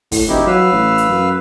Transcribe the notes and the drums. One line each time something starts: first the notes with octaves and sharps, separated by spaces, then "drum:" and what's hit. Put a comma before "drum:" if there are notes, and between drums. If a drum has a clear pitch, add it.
A2, drum: kick, open hi-hat
E1 D#4 E4 G4
F#3 B4 F5 E6
A1
drum: hi-hat
F#2